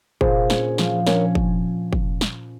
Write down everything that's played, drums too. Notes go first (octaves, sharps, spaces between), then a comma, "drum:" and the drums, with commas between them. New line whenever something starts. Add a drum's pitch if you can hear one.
A#2 G#4 C5, drum: kick
C#4, drum: snare
F3, drum: snare
C#4 A#4 C#5, drum: snare
drum: kick
drum: kick
drum: snare